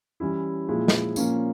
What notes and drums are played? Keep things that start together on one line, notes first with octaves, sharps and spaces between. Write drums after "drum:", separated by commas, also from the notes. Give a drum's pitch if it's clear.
E3 G3 C#4 E4
A#2 F3 G#3 E4
drum: snare
A#2 F3 A#3 C#4, drum: tambourine